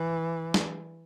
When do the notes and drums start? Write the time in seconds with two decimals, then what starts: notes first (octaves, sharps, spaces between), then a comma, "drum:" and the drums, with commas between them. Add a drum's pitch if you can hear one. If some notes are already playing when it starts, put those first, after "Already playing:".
Already playing: E3
0.54 drum: snare